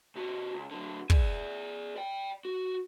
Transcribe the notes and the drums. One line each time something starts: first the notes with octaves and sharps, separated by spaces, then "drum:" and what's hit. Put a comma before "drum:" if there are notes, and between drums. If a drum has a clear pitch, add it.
C3 F#4
C#2
D3 F#3
G#4 D5, drum: kick
D5 G5
F#4